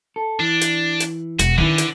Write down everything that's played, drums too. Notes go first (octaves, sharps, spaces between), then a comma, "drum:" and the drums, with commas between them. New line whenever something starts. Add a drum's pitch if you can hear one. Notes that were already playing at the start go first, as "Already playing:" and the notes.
A4
E3 D4
drum: hi-hat
drum: hi-hat
E1 F#4, drum: hi-hat
D3 D#3 C#4 E4 B4
drum: hi-hat